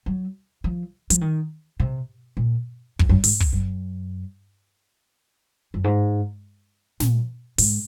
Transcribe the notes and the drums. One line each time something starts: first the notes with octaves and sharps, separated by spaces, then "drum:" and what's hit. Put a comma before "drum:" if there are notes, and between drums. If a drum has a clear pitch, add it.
F#3
F3
F3, drum: hi-hat
D#3
C3
A#2
F2, drum: kick
F#2
G#2, drum: open hi-hat
drum: kick
F#2
F#2
G#2
A#2, drum: snare
G#2, drum: open hi-hat